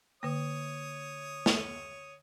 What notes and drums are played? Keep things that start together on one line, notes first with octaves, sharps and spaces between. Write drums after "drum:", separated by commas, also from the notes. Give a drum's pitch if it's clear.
D3 A#3 C#5 D#6
drum: snare